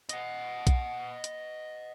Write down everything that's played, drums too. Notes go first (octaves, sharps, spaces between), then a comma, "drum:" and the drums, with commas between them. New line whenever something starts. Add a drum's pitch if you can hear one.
D#5 F#5, drum: hi-hat
drum: kick B1, hi-hat
drum: hi-hat